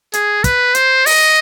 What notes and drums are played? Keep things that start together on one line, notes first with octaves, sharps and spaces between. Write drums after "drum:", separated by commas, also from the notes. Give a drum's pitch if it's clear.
G#4, drum: hi-hat
B4, drum: kick, hi-hat
C5, drum: hi-hat
D#5, drum: open hi-hat